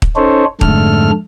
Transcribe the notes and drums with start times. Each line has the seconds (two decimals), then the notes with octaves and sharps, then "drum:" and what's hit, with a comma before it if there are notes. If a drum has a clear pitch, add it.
0.02 drum: kick
0.16 C#4 D#4 A4 C5 C#5
0.61 F2 G#2 D3 A3 A4 F6, drum: kick